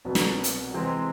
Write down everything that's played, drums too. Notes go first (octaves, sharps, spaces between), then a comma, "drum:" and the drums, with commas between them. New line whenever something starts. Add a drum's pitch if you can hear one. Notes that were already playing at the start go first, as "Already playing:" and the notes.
C2 B2 F#3 B3
drum: snare
drum: hi-hat
C3 E3 G#3 C4